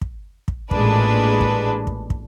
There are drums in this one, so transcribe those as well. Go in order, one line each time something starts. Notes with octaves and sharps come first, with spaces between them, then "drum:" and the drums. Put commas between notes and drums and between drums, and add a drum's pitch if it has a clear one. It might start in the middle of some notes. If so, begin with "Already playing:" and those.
drum: kick
drum: kick
A1 A#2 G#3 D4 B4, drum: kick
drum: kick
drum: kick
drum: kick